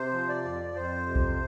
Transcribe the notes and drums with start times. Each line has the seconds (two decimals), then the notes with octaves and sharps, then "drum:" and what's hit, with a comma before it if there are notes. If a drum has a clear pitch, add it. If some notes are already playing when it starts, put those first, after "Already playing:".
Already playing: C3 C5
0.13 F3
0.29 D5
0.44 F2
0.75 F2 C5
1.06 C3
1.15 drum: kick B1